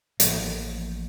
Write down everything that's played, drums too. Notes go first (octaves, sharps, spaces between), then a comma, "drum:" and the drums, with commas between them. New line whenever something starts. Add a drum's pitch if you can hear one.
A1 F3 A#3, drum: hi-hat